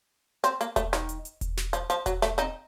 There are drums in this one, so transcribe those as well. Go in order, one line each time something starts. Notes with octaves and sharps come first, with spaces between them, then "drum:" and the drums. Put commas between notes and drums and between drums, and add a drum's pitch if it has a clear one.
C4, drum: hi-hat
A#3, drum: hi-hat
A3, drum: kick E1, hi-hat
D#3, drum: snare
drum: hi-hat
drum: hi-hat
drum: kick E1, hi-hat
drum: snare
F3, drum: hi-hat
F3, drum: hi-hat
F#3, drum: kick E1, hi-hat
A3, drum: snare
C4 D#4, drum: hi-hat